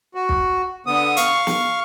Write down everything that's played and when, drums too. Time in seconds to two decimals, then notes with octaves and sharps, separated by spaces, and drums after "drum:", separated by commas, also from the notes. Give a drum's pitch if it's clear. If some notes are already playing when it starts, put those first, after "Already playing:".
0.15 F#4
0.29 drum: kick
0.86 D3 B3 D#6
1.17 F5 C#6, drum: hi-hat
1.47 drum: snare